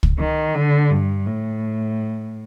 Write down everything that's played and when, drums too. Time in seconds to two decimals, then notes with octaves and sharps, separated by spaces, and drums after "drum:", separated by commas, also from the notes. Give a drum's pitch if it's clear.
0.03 drum: kick
0.19 D#3
0.55 D3
0.90 G2
1.27 A2